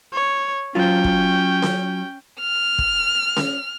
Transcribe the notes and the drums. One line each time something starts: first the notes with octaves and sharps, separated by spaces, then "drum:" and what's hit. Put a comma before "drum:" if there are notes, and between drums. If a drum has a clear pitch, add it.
C#5
F#3 C#4 F4 G5
drum: kick
drum: snare C#4
F6
drum: kick
drum: snare C#4